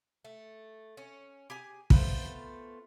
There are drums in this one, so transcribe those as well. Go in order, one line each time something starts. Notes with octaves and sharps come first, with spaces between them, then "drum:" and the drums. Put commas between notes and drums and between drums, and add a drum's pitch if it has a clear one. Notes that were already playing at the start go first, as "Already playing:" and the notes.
A3
C#4
G4 G#4 G#5
A3 B3 F4 C5, drum: kick